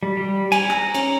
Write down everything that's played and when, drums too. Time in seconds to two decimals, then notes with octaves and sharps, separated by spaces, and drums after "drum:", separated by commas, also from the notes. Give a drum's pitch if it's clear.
0.03 G3
0.17 G3
0.52 G#5, drum: cymbal
0.70 A#5, drum: rim click
0.94 C#4, drum: cymbal